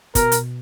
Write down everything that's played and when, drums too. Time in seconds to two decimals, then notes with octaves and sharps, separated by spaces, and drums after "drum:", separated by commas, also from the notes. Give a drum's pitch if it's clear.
0.15 B2 A#4, drum: kick, hi-hat
0.32 drum: hi-hat